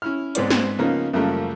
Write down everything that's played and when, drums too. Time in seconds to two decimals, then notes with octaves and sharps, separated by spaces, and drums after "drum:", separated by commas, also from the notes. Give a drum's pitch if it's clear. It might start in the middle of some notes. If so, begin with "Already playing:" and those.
0.02 C#4 E4 F6
0.35 G#2 G#3 B3 C4 D5, drum: hi-hat
0.50 drum: snare
0.79 C#3 F3 A#3 B3 C#4 D#4
1.13 F#2 C#3 F3 G3 A3 A#3